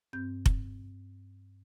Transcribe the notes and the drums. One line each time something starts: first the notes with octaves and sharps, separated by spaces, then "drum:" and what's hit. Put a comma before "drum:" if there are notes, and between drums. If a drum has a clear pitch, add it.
G2 C4 G6
drum: kick F1